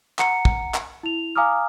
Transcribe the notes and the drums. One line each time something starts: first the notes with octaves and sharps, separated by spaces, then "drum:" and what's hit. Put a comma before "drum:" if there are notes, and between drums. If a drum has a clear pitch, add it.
F#5 A#5 C#7, drum: clap
drum: kick
drum: clap
E4 F7
F5 G#5 A#5 D6 D#6 F6